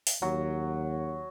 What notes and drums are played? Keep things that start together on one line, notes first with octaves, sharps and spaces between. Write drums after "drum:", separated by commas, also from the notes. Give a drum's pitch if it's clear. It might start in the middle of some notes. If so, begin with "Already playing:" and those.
drum: open hi-hat
D#2 F#3